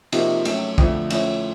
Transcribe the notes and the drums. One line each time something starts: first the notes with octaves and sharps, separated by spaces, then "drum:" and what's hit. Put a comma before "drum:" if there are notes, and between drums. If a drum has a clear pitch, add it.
C3 F3 A#3 D#4 F#4, drum: cymbal
F#3 A3 C#4, drum: cymbal
F2 D3 F3 A3, drum: kick
F3 A3 C#4 E4, drum: cymbal